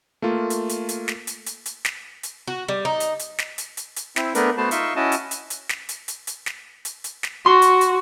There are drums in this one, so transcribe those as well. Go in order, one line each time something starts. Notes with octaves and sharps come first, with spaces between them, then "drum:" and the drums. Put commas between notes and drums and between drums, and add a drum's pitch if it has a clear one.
A3 A#3 F4
drum: hi-hat
drum: hi-hat
drum: hi-hat
drum: snare
drum: hi-hat
drum: hi-hat
drum: hi-hat
drum: snare
drum: hi-hat
F#4
G3
D#4
drum: hi-hat
drum: hi-hat
drum: snare
drum: hi-hat
drum: hi-hat
drum: hi-hat
C4 E4, drum: snare
A3 B3 D4 A#4 B4, drum: hi-hat
A3 B3 F#4 B4 C5 A5
D#4 F4 E5 C6 C#6, drum: hi-hat
C#4 E4 F#4 D#5 A5
drum: hi-hat
drum: hi-hat
drum: hi-hat
drum: snare
drum: hi-hat
drum: hi-hat
drum: hi-hat
drum: snare
drum: hi-hat
drum: hi-hat
drum: snare
F#4 C6
drum: hi-hat
drum: hi-hat